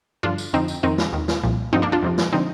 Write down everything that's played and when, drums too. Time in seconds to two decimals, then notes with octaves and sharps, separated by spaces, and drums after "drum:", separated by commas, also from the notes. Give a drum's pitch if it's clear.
0.23 G2 D3 F3 D4 F4
0.38 drum: tambourine
0.53 F2 D3 F3 C4 D#4
0.68 drum: tambourine
0.83 F2 D#3 C4 D#4
0.98 drum: snare
1.13 D#2 D#3
1.28 drum: snare
1.43 C2 A#2 F3
1.73 G2 D3 F3 C4 D#4
1.82 A#3 D4
1.92 D4 F4
2.03 F2 C3 F3
2.18 drum: snare
2.32 D3 F3 C4 D#4